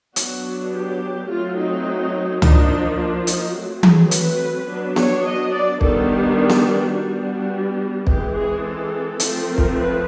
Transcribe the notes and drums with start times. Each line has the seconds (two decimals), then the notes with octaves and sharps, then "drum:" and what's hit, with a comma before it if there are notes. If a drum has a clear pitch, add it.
0.16 F#3 B3 D4 F#4, drum: hi-hat
0.73 G4
1.30 F#3 A3 C4 F4
1.58 D#4
2.42 F3 A#3 D4 D#4, drum: tom C#2
2.98 D4
3.27 D#4, drum: hi-hat
3.55 F#3 A3 C4
3.83 G#4, drum: tom E3
4.11 B4, drum: hi-hat
4.68 F#3 B3 D4
4.96 C#5, drum: snare B3
5.25 D#5
5.53 D5
5.81 D#3 G3 B3 D4 A4, drum: kick
6.09 G4
6.49 drum: snare B3
6.66 F#4
6.94 G3 B3 D4
7.22 F#4
8.07 E3 G#3 C4 G4, drum: kick
8.35 G#4
8.63 A4
9.20 F3 A3 C4, drum: hi-hat
9.47 A#4
9.58 drum: kick
9.76 B4